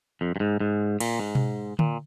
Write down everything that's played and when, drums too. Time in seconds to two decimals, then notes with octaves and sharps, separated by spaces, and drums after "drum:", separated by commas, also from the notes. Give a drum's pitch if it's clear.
0.21 F2
0.36 G2
0.40 G#2
0.60 G#2
1.00 A#2, drum: cymbal
1.19 G#2
1.35 drum: tom B2
1.79 A#2, drum: tom D3